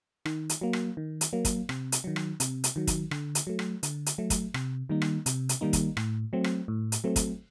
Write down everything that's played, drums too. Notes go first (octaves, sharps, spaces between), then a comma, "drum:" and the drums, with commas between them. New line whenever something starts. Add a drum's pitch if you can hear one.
D#3, drum: rim click
drum: hi-hat
F#3 A#3
drum: rim click
D#3
drum: hi-hat
F#3 A#3
drum: kick, hi-hat
C3, drum: rim click
drum: hi-hat
D#3 F#3
drum: rim click
C3, drum: hi-hat
drum: hi-hat
D#3 F#3
drum: kick, hi-hat
D3, drum: rim click
drum: hi-hat
F#3 A3
drum: rim click
D3, drum: hi-hat
drum: hi-hat
F#3 A3
drum: kick, hi-hat
C3, drum: rim click
D#3 G3 A#3 D#4
drum: rim click
C3, drum: hi-hat
drum: hi-hat
D#3 G3 A#3 D#4
drum: kick, hi-hat
A2, drum: rim click
F#3 A3 C4
drum: rim click
A2
drum: hi-hat
F#3 A3 C4
drum: kick, hi-hat